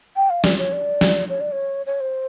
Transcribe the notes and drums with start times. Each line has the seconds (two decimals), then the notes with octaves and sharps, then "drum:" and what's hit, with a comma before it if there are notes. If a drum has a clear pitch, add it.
0.16 G5
0.30 F5
0.44 D5, drum: snare
0.58 C#5
0.73 D5
1.01 drum: snare
1.29 C#5
1.41 D5
1.52 C#5
1.86 C#5
2.01 C5